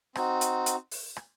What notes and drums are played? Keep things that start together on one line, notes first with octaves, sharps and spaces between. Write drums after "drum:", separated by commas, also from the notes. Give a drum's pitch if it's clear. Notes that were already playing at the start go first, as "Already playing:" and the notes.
C4 D#4 F#4, drum: rim click
drum: hi-hat
drum: hi-hat
drum: open hi-hat
drum: rim click